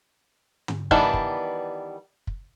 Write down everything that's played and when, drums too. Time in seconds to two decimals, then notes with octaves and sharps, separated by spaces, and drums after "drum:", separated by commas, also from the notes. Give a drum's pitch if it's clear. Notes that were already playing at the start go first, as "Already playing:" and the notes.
0.68 drum: tom
0.91 D#3 E3 G3 B3 D4, drum: kick
1.14 drum: kick
2.27 drum: kick